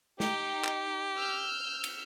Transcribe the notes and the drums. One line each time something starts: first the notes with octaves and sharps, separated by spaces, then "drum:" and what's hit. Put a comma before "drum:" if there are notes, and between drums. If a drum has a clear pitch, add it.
D#4 G4 G5, drum: snare
drum: clap
E6 F6 G6
drum: cymbal